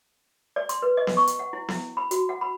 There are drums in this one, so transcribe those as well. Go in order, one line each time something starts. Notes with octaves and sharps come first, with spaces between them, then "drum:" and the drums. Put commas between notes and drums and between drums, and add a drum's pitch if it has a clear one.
D5
C6, drum: hi-hat
B4
D#5
drum: snare B3
C#6
drum: hi-hat
F#5
E4
E4, drum: snare B3
B5
F#4, drum: hi-hat
F#5
B5